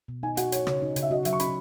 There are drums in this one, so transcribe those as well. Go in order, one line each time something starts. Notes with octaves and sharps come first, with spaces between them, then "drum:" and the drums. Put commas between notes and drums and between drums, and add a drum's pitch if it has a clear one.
B2
D#4 G#5
F#4 F#5, drum: hi-hat
F#4 C#5, drum: hi-hat
C#3 C#5, drum: rim click
D#4
C#3, drum: hi-hat
E5
F#4 D#5
F#3 E5, drum: hi-hat
C#6
C#4 B5, drum: hi-hat